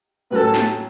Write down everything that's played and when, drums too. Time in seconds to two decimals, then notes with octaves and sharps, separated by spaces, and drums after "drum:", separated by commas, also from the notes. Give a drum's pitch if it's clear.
0.31 A2 F#3 C#4 A4 B4
0.55 drum: snare